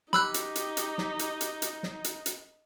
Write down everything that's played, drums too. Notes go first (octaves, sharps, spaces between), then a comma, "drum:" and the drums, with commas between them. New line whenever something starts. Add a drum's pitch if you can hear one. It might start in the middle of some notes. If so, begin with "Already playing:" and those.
D#4 G4 B5 E6 F#6, drum: snare
drum: hi-hat
drum: hi-hat
drum: hi-hat
drum: snare
drum: hi-hat
drum: hi-hat
drum: hi-hat
drum: snare
drum: hi-hat
drum: hi-hat